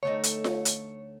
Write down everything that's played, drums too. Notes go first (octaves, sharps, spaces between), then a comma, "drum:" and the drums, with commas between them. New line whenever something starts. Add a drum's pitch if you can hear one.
D2 A3 D#4 C#5
drum: hi-hat
drum: snare F4
drum: hi-hat